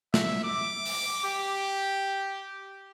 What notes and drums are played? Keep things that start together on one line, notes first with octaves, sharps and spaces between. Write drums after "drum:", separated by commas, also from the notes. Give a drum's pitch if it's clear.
E5, drum: snare
D6
drum: open hi-hat
G4